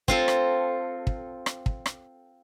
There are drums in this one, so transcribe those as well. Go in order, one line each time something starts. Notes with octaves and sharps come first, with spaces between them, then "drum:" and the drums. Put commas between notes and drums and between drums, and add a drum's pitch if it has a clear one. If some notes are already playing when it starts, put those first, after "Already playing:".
C4 F4 A4, drum: kick
drum: rim click
drum: kick
drum: rim click
drum: kick
drum: rim click